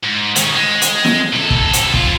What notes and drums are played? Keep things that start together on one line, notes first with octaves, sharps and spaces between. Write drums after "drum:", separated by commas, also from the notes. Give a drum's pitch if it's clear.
G#2
D#3 C#4, drum: hi-hat
G#3
drum: hi-hat
drum: snare
C3 A4
drum: kick
drum: hi-hat
F2 F4, drum: kick